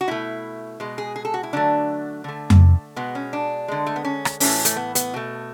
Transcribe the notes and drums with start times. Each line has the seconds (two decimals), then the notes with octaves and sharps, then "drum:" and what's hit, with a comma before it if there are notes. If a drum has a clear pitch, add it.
0.01 F#4
0.08 B2 A3 E4
0.80 B2 G#3
0.98 G#4
1.16 G#4
1.25 A4
1.34 F#4
1.43 E4
1.53 D3 F#3 A3 D4
2.24 D3 A3
2.50 drum: tom F2
2.96 B2 G#3 B3
3.15 C#4
3.33 D4
3.68 D3 G#3
3.87 A3
3.96 B3
4.05 C#4
4.25 drum: rim click
4.40 A2 E3 A3 C#4, drum: open hi-hat
4.65 A3, drum: hi-hat
4.76 B3
4.95 B3, drum: hi-hat
5.14 B2 A3